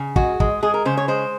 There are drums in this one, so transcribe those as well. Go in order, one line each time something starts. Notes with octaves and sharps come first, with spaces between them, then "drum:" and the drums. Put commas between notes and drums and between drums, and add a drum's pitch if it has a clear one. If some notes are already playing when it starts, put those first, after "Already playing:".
Already playing: C#3
G#3 F#4, drum: kick
G#3, drum: kick
G#3 G#4
A#4
C#3 C5
C#5
G#3 C5